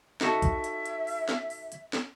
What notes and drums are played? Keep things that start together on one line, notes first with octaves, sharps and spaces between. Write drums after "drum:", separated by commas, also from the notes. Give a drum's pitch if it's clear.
D#4 F#4 A4 E5, drum: snare
drum: kick A#1, hi-hat
drum: hi-hat
drum: hi-hat
drum: open hi-hat
drum: snare
drum: open hi-hat
drum: hi-hat
drum: snare